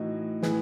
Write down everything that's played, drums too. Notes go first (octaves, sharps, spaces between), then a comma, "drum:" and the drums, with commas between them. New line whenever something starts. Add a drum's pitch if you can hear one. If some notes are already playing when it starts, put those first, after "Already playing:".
Already playing: A2 E3 D#4 F#4
A2 E3 G#4 B4, drum: snare